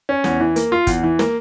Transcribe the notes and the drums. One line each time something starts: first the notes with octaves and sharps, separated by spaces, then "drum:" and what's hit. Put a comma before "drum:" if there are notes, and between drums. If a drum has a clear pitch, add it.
C#4
E2, drum: snare
E3
A#3, drum: hi-hat
F4
E2, drum: kick, hi-hat
E3
A#3, drum: snare